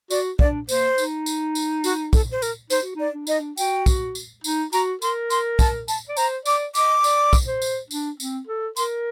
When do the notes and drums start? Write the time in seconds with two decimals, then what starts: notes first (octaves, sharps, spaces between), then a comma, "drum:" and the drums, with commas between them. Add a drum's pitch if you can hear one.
0.11 F#4 D5, drum: tambourine
0.39 D4 D5, drum: kick
0.69 A#3 C5, drum: tambourine
0.98 D#4, drum: tambourine
1.26 drum: tambourine
1.55 drum: tambourine
1.84 F#4, drum: tambourine
2.13 A4, drum: kick, tambourine
2.31 C5
2.42 A#4, drum: tambourine
2.70 D#4 C5, drum: tambourine
2.83 F#4
2.96 D#4 D5
3.14 D4
3.27 D#4 D#5, drum: tambourine
3.40 D4
3.57 F#4 G5, drum: tambourine
3.86 drum: kick, tambourine
4.15 drum: tambourine
4.44 D#4, drum: tambourine
4.73 F#4 A#5, drum: tambourine
5.02 A#4 C6, drum: tambourine
5.30 C6, drum: tambourine
5.59 A5, drum: kick, tambourine
5.88 A5, drum: tambourine
6.09 D5
6.17 C5 A#5, drum: tambourine
6.46 D5 D6, drum: tambourine
6.75 D#5 D6, drum: tambourine
7.04 D5, drum: tambourine
7.33 drum: kick, tambourine
7.48 C5
7.62 drum: tambourine
7.91 D4, drum: tambourine
8.20 C4, drum: tambourine
8.48 A4
8.77 A#4 C6, drum: tambourine